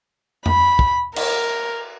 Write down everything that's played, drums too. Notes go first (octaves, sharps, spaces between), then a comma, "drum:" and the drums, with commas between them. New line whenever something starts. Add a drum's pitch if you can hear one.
B5, drum: tom F2
drum: kick
A#4, drum: cymbal